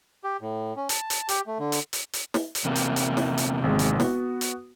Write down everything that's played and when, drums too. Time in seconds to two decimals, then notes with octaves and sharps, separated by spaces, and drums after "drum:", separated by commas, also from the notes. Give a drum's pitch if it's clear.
0.24 G4
0.41 A2
0.76 C#4
0.89 A5, drum: hi-hat
1.10 drum: hi-hat
1.29 G4, drum: hi-hat
1.47 A3
1.59 D3
1.72 drum: hi-hat
1.93 drum: hi-hat
2.13 drum: hi-hat
2.34 drum: snare
2.55 drum: hi-hat
2.65 E2 C3 A#3
2.76 drum: hi-hat
2.96 drum: hi-hat
3.17 drum: snare
3.38 drum: hi-hat
3.64 G#1 G#3
3.79 drum: hi-hat
4.00 B3 F#4, drum: snare
4.41 drum: hi-hat